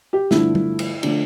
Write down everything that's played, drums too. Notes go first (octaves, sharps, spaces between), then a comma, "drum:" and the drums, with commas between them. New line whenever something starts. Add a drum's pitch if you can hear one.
G4
G2 D3 F3 A3 E4, drum: snare
drum: tom
drum: cymbal
D3 F3 A3 D4, drum: cymbal